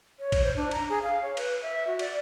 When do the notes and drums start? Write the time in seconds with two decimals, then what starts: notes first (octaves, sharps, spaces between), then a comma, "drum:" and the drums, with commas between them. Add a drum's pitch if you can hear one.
0.20 C#5
0.32 drum: kick, cymbal
0.44 C5
0.56 D4
0.71 A#5, drum: cymbal
0.90 G#4
1.03 F5
1.22 C#5
1.37 B4, drum: cymbal
1.62 E5
1.87 F#4
1.99 D5, drum: cymbal